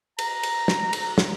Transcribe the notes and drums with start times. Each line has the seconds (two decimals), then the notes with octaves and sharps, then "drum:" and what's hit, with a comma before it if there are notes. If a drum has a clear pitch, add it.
0.19 A#5, drum: cymbal
0.43 drum: cymbal
0.68 drum: snare
0.93 drum: cymbal
1.18 drum: snare